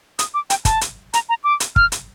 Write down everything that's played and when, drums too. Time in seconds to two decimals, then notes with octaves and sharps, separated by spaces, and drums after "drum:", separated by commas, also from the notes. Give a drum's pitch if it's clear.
0.19 D#6, drum: hi-hat
0.34 D6
0.50 G5, drum: hi-hat
0.65 A5, drum: kick, hi-hat
0.81 drum: hi-hat
1.13 A#5, drum: hi-hat
1.29 A#5
1.44 D6
1.60 drum: hi-hat
1.76 F6, drum: kick
1.92 drum: hi-hat